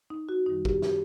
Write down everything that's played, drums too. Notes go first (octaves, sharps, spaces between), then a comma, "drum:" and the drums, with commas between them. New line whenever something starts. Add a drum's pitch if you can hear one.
D#4
F#4
F#2 D#3 G3 D#4
G4, drum: kick
G4, drum: snare